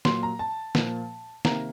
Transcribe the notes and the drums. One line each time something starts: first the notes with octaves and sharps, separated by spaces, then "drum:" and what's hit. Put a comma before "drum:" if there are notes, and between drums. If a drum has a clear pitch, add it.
A#2 F#3 A#3 C6, drum: snare
A#5
A5
A#2 F3 A#3, drum: snare
C3 D#3 A#3 A#5, drum: snare